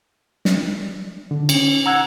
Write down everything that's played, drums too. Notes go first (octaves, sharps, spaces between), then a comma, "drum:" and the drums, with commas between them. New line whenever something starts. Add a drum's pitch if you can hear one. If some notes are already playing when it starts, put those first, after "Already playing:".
drum: snare
D3
C#4, drum: cymbal
F#5 A#5 E6 G#6